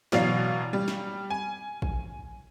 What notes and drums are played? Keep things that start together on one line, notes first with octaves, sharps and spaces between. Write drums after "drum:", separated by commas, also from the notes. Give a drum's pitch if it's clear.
B2 E3 F#3 D5 F5 C7, drum: snare
G3
drum: snare
G#5
drum: kick